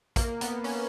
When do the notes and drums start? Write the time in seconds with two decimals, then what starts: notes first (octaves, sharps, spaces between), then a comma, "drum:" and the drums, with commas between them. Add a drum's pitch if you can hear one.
0.16 A#3, drum: kick A#1, hi-hat
0.41 B3, drum: hi-hat
0.64 C#4, drum: open hi-hat